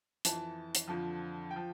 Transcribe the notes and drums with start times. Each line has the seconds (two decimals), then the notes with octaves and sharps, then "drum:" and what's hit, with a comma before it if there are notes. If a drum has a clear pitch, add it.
0.25 F2 E3 A5, drum: hi-hat
0.75 drum: hi-hat
0.88 F2 D3 F3
1.51 G5
1.56 F3